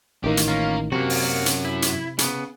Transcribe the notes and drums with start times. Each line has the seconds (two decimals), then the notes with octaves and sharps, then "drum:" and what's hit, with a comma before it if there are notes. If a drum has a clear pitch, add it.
0.24 A1 D#3 A#3 G4
0.37 drum: hi-hat
0.48 A#3 C#4 F4
0.92 F#2 C3 F#3 A#3 F#4
1.10 drum: open hi-hat
1.46 drum: hi-hat
1.65 E4
1.82 drum: hi-hat
2.19 C#3 B3, drum: hi-hat